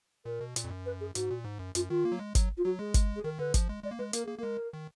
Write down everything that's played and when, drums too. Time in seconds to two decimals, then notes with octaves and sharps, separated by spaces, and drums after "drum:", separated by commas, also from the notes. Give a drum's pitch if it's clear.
0.25 A#2 A#4
0.41 B2
0.56 A#2, drum: hi-hat
0.64 F2
0.71 F#2
0.85 B4
1.00 G#4
1.15 G#2 F#4, drum: hi-hat
1.31 A#2
1.44 G#2
1.59 F#2
1.75 F#2 F4, drum: hi-hat
1.89 D#3 F4
2.05 A#3
2.12 F#3
2.19 G#3
2.35 F#3, drum: kick G#1, hi-hat
2.57 F4
2.64 F#3 F#4
2.79 G#3 G#4
2.94 drum: kick G#1, hi-hat
3.16 G#4
3.24 D#3 A#4
3.39 D3 B4
3.54 F3, drum: kick G#1, hi-hat
3.69 G#3
3.83 G#3 D5
3.91 A#3
3.98 G#3 B4
4.13 A#3 A#4, drum: hi-hat
4.25 A#3 G#4
4.38 G#3 A#3 A#4
4.73 D#3